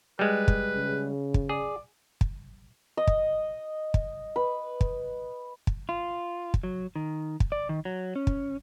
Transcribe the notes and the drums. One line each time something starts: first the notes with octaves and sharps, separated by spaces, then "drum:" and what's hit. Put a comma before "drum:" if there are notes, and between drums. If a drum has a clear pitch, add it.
G3 G#3 B4
drum: kick
C#3
drum: kick
G#4 D5
drum: kick
D#5
drum: kick
drum: kick
B4
drum: kick
drum: kick
F4
drum: kick
F#3
D#3
drum: kick
D5
D#3
F#3
C#4
drum: kick